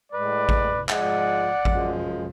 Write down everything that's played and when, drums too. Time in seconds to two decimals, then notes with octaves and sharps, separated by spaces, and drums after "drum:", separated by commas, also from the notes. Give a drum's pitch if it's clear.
0.12 A2 G#3 B4 D5
0.49 drum: kick A1
0.89 G#2 F3 G#3 D5 F#5, drum: clap
1.65 F#2 F3 G#3, drum: kick A1